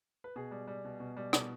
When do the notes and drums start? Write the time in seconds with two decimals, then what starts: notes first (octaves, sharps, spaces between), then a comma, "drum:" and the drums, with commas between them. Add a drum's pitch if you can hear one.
0.24 B4
0.36 B2 G#4
0.51 G3
0.68 G3
0.85 B2
1.00 B2
1.17 G3
1.33 B2, drum: rim click